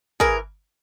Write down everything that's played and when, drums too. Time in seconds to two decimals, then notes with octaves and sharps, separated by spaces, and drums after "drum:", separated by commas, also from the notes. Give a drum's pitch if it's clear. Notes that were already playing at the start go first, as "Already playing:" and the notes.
0.20 E3 G#4 A#4, drum: kick